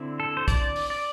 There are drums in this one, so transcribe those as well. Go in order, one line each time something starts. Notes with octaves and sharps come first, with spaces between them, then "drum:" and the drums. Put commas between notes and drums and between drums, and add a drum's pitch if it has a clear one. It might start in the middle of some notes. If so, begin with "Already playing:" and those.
Already playing: D3 C4 E4
A4
C5
D5, drum: kick, hi-hat
drum: open hi-hat
D5